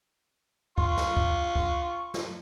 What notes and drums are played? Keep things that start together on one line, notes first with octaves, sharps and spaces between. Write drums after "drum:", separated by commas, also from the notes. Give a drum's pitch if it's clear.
F4 C#6, drum: kick
drum: snare
drum: kick
drum: kick
drum: snare